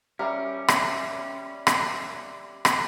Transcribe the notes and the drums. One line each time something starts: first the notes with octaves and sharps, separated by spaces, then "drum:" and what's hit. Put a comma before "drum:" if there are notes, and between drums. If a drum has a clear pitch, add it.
G3 C#4 A#4 D5 E5 F5
drum: rim click
drum: rim click
drum: rim click